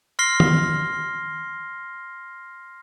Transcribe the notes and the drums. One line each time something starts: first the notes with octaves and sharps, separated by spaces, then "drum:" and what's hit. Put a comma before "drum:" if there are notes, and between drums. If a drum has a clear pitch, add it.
C6 F6 A#6 C7 G7
drum: tom D#3